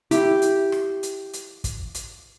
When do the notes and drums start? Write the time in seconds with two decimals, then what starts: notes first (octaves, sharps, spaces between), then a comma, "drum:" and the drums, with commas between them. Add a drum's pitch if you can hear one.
0.11 E4 G4, drum: hi-hat
0.42 drum: hi-hat
0.72 drum: rim click
1.03 drum: hi-hat
1.33 drum: hi-hat
1.64 drum: kick, hi-hat
1.94 drum: hi-hat